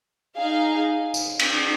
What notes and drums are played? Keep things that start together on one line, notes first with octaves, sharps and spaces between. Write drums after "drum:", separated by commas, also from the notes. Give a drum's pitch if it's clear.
D#4 G#4 F5
drum: tambourine
drum: cymbal